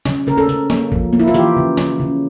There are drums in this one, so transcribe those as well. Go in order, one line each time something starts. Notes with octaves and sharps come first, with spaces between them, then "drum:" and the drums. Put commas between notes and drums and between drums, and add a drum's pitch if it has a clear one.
C#3, drum: snare
C#3 A#4
A4
C#3, drum: hi-hat
A#3, drum: snare
F3, drum: kick
A#3
E4
F4
E3 G4, drum: hi-hat
C#3
C#3, drum: snare
C#3